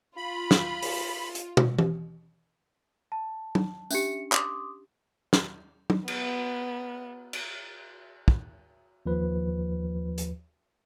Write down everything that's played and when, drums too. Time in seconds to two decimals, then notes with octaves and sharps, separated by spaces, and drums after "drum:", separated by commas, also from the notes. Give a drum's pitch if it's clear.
0.17 F4 B5
0.51 drum: snare
0.82 drum: open hi-hat
1.35 drum: hi-hat
1.57 drum: tom
1.79 drum: tom E3
3.12 A5
3.55 drum: tom
3.91 C#4 D4 G4 E5 C#7, drum: tambourine
4.32 C6 D6 D#6, drum: clap
5.33 drum: snare
5.90 drum: tom
6.08 B3, drum: cymbal
7.33 drum: cymbal
8.28 drum: kick
9.06 D#2 F3 B4
10.18 drum: hi-hat